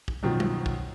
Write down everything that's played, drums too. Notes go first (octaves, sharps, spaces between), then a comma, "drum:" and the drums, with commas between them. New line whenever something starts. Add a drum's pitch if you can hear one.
drum: kick
F#2 B2 D#3 F3
drum: tom G3
drum: kick